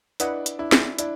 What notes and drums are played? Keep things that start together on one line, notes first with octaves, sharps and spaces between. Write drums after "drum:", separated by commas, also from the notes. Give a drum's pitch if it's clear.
D4 E4 B4 D#5 F#5, drum: hi-hat
drum: hi-hat
D4 E4
drum: snare
D4 E4, drum: hi-hat